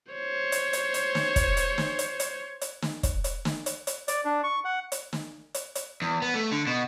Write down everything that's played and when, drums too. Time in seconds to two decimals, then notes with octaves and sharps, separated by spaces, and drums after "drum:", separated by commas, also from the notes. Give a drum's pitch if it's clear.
0.12 C5 C#5
0.52 drum: hi-hat
0.73 drum: hi-hat
0.94 drum: hi-hat
1.15 drum: snare
1.36 drum: kick, hi-hat
1.57 drum: hi-hat
1.78 drum: snare
1.99 drum: hi-hat
2.20 drum: hi-hat
2.61 drum: hi-hat
2.82 drum: snare
3.03 drum: kick, hi-hat
3.24 drum: hi-hat
3.45 drum: snare
3.66 drum: hi-hat
3.87 drum: hi-hat
4.08 D5, drum: hi-hat
4.25 D4
4.44 C#6
4.65 F#5
4.92 drum: hi-hat
5.13 drum: snare
5.54 drum: hi-hat
5.75 drum: hi-hat
6.02 E2
6.22 B3
6.34 A3
6.52 D3
6.67 B2